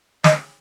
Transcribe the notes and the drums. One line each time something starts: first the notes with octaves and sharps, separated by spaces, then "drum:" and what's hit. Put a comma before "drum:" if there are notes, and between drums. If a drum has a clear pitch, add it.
D#5, drum: snare